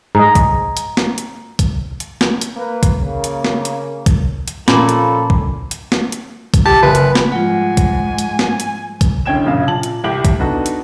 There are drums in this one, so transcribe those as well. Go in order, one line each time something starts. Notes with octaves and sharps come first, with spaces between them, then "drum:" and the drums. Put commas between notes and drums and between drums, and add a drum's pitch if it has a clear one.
G#2 G#4 D#5 A#5
drum: kick C2, hi-hat
drum: hi-hat
drum: snare
drum: hi-hat
drum: kick C2, hi-hat
drum: hi-hat
drum: snare
drum: hi-hat
A#3 B4
drum: kick C2, hi-hat
C#3 A#3
drum: hi-hat
drum: snare
drum: hi-hat
drum: kick C2, hi-hat
drum: hi-hat
A#2 F3 C#4 F4 A4 B5, drum: snare
drum: hi-hat
drum: kick C2
drum: hi-hat
drum: snare
drum: hi-hat
drum: kick C2, hi-hat
G4 A5
F#1 B4
drum: hi-hat
drum: snare
G#2 F3 G3 F4 F#5 G#5
drum: kick C2, hi-hat
drum: hi-hat
drum: snare
drum: hi-hat
drum: kick C2, hi-hat
E1 D3 C#4 G5 G#6 E7
A#1 F#2 C#3 F5
A#2 A5 F#7
drum: hi-hat
C2 G4 F#7
drum: kick C2, hi-hat
B3 D4 D#4 F#4 A4
drum: hi-hat